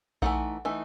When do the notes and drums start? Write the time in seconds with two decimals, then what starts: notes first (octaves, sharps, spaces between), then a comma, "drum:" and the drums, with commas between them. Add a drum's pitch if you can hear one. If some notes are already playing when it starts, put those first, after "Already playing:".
0.22 E3 A3 D#4 F#5, drum: kick A#1
0.65 E3 A3 D#4